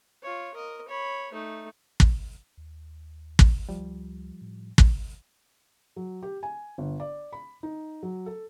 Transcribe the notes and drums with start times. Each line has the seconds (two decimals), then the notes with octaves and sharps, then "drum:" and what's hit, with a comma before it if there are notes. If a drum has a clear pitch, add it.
0.23 F4 C#5
0.54 A#4 D#5
0.88 C#5 B5
1.32 A3 D#4
2.00 drum: kick
2.57 D#2
3.39 drum: kick
3.69 C#2 F3 G3
4.41 A2
4.78 drum: kick
5.96 F#3
6.23 G4
6.43 G#5
6.78 G1
7.00 D5
7.33 B5
7.63 D#4
8.03 F#3
8.26 A4